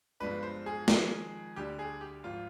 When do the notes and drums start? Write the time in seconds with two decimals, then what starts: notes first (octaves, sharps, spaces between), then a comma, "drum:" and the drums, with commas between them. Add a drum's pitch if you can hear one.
0.20 G1 G2 F3 G#3 D4 B4
0.43 C5
0.66 G#4
0.88 F2 D#3 G#3, drum: snare
1.56 D2 D3 G3 D4 G4
1.79 G#4
2.01 G4
2.24 G#1 F3 F4